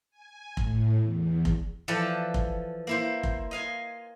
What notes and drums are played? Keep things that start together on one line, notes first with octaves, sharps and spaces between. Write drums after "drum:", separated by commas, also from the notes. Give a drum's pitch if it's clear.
G#5
A2, drum: kick F1
E2
drum: kick F1
E3 F3 A4 B4 D5 G5
drum: kick F1
A#3 E4 C5
drum: kick F1
D#5 F5 G#5